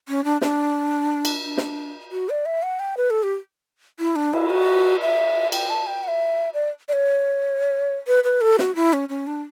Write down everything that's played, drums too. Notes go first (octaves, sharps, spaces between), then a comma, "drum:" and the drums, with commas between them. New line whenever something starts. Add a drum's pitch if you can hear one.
C#4
D4
D4, drum: snare
drum: cymbal
D4
drum: snare
F#4
D5
E5
F#5
G5
B4
A4
G4
E4
D4
E4, drum: cymbal
F#4
E5
G5, drum: cymbal
A5
G5
F#5
E5
D5
D5
C#5
B4
B4
A4
F#4, drum: snare
E4
C#4
C#4
D4